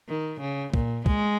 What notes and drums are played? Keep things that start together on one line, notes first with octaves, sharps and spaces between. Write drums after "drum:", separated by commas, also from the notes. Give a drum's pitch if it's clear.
D#3
C#3
A#2, drum: kick
G#3, drum: kick